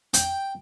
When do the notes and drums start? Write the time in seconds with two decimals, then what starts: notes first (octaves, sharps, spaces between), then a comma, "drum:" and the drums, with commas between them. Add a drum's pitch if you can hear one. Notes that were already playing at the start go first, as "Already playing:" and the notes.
0.14 G5, drum: hi-hat